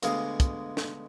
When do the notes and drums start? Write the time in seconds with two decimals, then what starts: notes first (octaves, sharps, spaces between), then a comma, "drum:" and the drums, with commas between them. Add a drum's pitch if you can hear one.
0.03 D2 B2 G#3 G#4 F5, drum: hi-hat
0.40 drum: kick, hi-hat
0.77 drum: snare